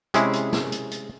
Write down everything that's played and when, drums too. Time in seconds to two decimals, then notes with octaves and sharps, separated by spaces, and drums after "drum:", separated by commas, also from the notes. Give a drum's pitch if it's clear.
0.14 C3 G#3 C#4 E4 G#4, drum: hi-hat
0.33 drum: hi-hat
0.53 drum: snare
0.72 drum: hi-hat
0.91 drum: hi-hat